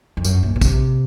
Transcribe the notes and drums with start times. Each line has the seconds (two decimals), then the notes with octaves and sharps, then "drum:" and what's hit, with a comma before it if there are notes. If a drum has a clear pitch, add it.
0.17 F2
0.24 F#2, drum: tambourine
0.43 A#2
0.56 A#2
0.61 C3, drum: kick, tambourine